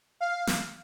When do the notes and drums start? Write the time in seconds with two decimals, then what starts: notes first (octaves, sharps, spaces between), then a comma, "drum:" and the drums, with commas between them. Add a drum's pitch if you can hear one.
0.21 F5
0.47 drum: snare